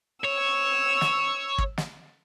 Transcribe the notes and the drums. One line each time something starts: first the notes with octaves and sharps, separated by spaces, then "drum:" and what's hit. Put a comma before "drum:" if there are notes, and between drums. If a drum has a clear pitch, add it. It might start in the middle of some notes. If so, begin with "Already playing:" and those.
C#5 E6
drum: snare
drum: kick
drum: snare